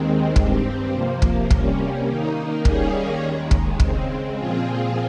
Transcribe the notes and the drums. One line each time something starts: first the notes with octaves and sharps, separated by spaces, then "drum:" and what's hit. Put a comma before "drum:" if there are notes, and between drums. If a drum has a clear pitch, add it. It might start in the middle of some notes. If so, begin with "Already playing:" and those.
Already playing: D#2 D#3 G#3 C4
G2 G3 C4, drum: kick
C3 F3 A#3
drum: kick
C3 G3 A#3 C#4, drum: kick
D#3 A#3 D#4
D#3 G3 A#3 C#4 G#4, drum: kick
D#2 D#3 G#3
drum: kick
C#3 G#3 C4, drum: kick
A#2 F3 C4 F4 G#4